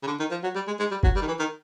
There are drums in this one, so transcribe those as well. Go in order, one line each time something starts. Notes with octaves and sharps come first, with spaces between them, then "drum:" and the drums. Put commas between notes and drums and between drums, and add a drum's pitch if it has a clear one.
C#3
D3
D#3
F3
F#3
G3
G#3
G#3
G3
F#3, drum: kick
G3
D#3
E3
D#3